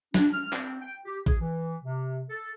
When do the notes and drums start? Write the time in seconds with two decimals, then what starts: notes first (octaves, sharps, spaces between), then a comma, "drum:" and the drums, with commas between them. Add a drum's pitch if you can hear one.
0.14 D4, drum: snare
0.33 F6
0.53 C4, drum: clap
0.81 G5
1.05 G4
1.26 G#4, drum: kick A1
1.41 E3
1.83 C3
2.30 A4